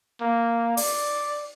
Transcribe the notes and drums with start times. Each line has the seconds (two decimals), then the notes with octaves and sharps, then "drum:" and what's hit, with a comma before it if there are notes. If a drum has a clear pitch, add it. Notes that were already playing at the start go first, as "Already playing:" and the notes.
0.21 A#3
0.77 D5, drum: open hi-hat